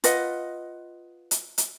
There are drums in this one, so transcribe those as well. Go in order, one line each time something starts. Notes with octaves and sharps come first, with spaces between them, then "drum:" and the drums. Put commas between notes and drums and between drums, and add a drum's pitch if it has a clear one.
F4 B4 D#5 F#5, drum: hi-hat
drum: hi-hat
drum: hi-hat